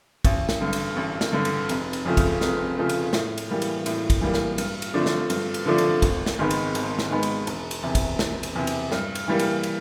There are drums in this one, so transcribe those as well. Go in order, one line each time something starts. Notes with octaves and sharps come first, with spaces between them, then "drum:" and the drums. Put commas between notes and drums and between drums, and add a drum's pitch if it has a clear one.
A1, drum: kick, cymbal
drum: snare
G2 D3
drum: cymbal
A1
drum: snare
G2 D3
drum: cymbal
F1, drum: cymbal
drum: cymbal
F2 C#3 F3 A3
drum: kick, cymbal
F1, drum: snare
F2 C#3 F3 A3
drum: cymbal
A2, drum: snare
drum: cymbal
E3 G3 A#3
drum: cymbal
A2, drum: cymbal
drum: kick, cymbal
E3 G3 A#3
drum: snare
G2, drum: cymbal
drum: cymbal
D3 F3 A3 D4
drum: snare
G2, drum: cymbal
drum: cymbal
D3 F3 A3 D4
drum: cymbal
G#1, drum: kick, cymbal
drum: snare
G#2 D#3 G#3 B3
drum: cymbal
G#1, drum: cymbal
drum: snare
G#2 D#3 G#3 B3
drum: cymbal
E1, drum: cymbal
drum: cymbal
E2 C3
drum: kick, cymbal
E1, drum: snare
drum: cymbal
E2 C3
drum: cymbal
G2, drum: snare
drum: cymbal
E3 G3 A#3
drum: cymbal
drum: cymbal